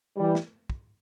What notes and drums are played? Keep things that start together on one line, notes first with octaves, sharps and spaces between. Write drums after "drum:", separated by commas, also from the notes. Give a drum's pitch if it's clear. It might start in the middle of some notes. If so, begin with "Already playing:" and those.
E3 G3
drum: snare
drum: kick